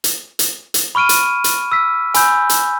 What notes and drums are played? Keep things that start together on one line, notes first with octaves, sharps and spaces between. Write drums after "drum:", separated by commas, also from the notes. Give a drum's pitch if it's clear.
drum: hi-hat
drum: hi-hat
drum: hi-hat
B5 C#6 F6 D7 D#7
drum: hi-hat
drum: hi-hat
E6 B6
G#5 B5 E6 G6, drum: hi-hat
drum: hi-hat